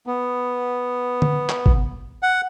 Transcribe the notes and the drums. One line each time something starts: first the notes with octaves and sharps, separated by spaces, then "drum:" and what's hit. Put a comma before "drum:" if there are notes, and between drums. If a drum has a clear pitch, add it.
B3
drum: tom D3
drum: clap
drum: kick
F#5